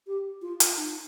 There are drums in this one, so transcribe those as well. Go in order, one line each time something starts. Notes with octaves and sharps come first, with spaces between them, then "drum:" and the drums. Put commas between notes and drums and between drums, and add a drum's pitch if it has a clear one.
G4
F4
drum: hi-hat
D#4